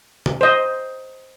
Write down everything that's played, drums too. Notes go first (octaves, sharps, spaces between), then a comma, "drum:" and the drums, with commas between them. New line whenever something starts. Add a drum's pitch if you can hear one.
drum: tom C3
C5 D#5